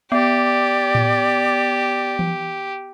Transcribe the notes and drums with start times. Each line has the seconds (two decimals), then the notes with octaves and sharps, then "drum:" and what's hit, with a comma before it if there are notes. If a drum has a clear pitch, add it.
0.12 B3 G4 D5
0.95 drum: tom A2
2.19 drum: tom E3